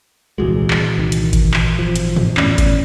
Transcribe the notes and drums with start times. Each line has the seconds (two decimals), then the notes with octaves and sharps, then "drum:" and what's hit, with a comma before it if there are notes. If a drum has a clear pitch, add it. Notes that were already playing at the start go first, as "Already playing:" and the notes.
0.38 D#1 C2 A#2 E3 G#3 F#4
0.70 drum: clap
0.98 C2 D#3
1.12 drum: hi-hat
1.33 drum: kick G#1, hi-hat
1.54 drum: clap
1.79 G#1 F3
1.96 drum: hi-hat
2.16 drum: tom
2.37 E2 A2 C#4 D5, drum: clap
2.58 drum: kick G#1, hi-hat